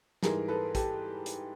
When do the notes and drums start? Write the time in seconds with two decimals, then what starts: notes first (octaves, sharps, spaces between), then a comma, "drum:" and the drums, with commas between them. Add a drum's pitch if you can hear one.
0.23 G#2 E3 G3 G#4 A#4, drum: snare
0.48 A4 B4
0.75 G4 A4, drum: kick, hi-hat
1.26 drum: hi-hat